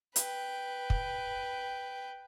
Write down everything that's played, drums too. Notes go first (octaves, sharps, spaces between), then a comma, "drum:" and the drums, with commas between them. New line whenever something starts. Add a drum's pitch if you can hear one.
B4 G5, drum: hi-hat
drum: kick